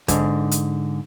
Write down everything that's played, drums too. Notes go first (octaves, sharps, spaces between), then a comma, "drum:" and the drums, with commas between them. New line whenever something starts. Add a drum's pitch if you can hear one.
G#2 D3, drum: kick, hi-hat
drum: hi-hat